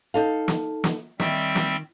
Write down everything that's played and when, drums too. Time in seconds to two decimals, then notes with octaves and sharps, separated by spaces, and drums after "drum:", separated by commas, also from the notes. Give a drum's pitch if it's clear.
0.14 D#4 A4 F5
0.48 drum: snare
0.84 drum: snare
1.20 D#3 G3 C4 E5, drum: snare
1.55 drum: snare